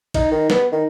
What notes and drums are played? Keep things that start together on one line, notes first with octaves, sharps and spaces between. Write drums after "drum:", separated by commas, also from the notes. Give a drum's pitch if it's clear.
D#4, drum: kick A1, cymbal
D#3
B3, drum: snare
D#3